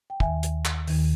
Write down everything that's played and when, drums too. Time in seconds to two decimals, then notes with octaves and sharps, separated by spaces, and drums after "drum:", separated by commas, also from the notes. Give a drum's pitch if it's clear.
0.10 G5
0.20 D#2 D#3 E5 G#5, drum: kick
0.43 drum: hi-hat
0.65 drum: clap
0.87 D#2 D#3, drum: open hi-hat